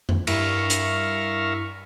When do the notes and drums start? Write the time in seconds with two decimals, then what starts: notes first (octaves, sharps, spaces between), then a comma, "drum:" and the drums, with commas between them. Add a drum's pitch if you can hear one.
0.09 drum: tom F2
0.27 G2 E4 A#4 E5 F5 C#6, drum: cymbal
0.70 drum: hi-hat